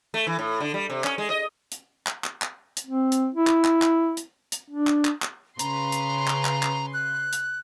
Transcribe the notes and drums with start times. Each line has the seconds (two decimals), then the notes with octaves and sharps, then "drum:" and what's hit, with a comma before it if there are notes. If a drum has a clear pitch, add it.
0.14 A3
0.27 E3
0.39 A2
0.60 D3
0.74 G3
0.90 C3
1.04 C#4, drum: clap
1.18 G#3
1.30 D#5
1.72 drum: hi-hat
2.07 drum: clap
2.24 drum: clap
2.42 drum: clap
2.77 drum: hi-hat
2.86 C4
3.12 drum: hi-hat
3.34 E4
3.47 drum: clap
3.64 drum: clap
3.82 drum: clap
4.17 drum: hi-hat
4.52 drum: hi-hat
4.70 D4
4.87 drum: clap
5.05 drum: clap
5.22 drum: clap
5.59 C#3 B4 A#5 C6, drum: hi-hat
5.92 drum: hi-hat
6.27 drum: clap
6.45 drum: clap
6.63 drum: clap
6.94 F#6
7.33 drum: hi-hat